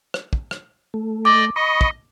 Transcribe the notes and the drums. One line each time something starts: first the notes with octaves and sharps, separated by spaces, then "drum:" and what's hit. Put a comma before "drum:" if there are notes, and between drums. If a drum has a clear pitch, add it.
drum: rim click
drum: kick
drum: rim click
A3
D5 D#5 G5 D6
D#5 B5 C#6 D#6
drum: kick